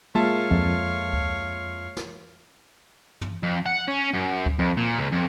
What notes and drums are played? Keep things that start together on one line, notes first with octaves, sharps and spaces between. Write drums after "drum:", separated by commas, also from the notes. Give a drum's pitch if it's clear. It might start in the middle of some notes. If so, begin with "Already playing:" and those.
G#3 A#3 F4 C#5 E5 F5 A5
F2, drum: kick D2
drum: kick D2
drum: snare
drum: tom
F2
F#5
C#4
F#2
drum: kick D2
F2
A#2
C#2
F2